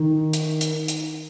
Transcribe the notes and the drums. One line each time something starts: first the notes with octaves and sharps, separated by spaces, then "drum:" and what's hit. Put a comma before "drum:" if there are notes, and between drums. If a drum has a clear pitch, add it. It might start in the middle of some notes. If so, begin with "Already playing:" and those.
Already playing: D#3
drum: hi-hat
drum: hi-hat
drum: hi-hat